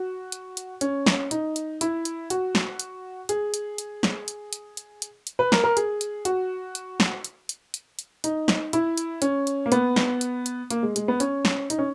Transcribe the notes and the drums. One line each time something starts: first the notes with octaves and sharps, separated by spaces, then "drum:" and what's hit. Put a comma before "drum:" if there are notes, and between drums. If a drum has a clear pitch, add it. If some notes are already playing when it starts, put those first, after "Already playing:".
Already playing: F#4
drum: hi-hat
drum: hi-hat
C#4, drum: hi-hat
drum: snare
D#4, drum: hi-hat
drum: hi-hat
E4, drum: hi-hat
drum: hi-hat
F#4, drum: hi-hat
drum: snare
drum: hi-hat
G#4, drum: hi-hat
drum: hi-hat
drum: hi-hat
drum: snare
drum: hi-hat
drum: hi-hat
drum: hi-hat
drum: hi-hat
drum: hi-hat
B4
A#4, drum: snare
A#4
G#4, drum: hi-hat
drum: hi-hat
F#4, drum: hi-hat
drum: hi-hat
drum: snare
drum: hi-hat
drum: hi-hat
drum: hi-hat
drum: hi-hat
D#4, drum: hi-hat
drum: snare
E4, drum: hi-hat
drum: hi-hat
C#4, drum: hi-hat
drum: hi-hat
A#3
B3, drum: hi-hat
drum: snare
drum: hi-hat
drum: hi-hat
A#3, drum: hi-hat
G#3
G#3, drum: hi-hat
B3
C#4, drum: hi-hat
drum: snare
D#4, drum: hi-hat
C#4